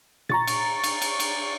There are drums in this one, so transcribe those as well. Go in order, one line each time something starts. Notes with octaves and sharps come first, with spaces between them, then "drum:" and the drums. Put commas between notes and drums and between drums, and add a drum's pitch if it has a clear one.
A#5 C#6 A6, drum: tom A#2
drum: cymbal
drum: cymbal
drum: cymbal
drum: cymbal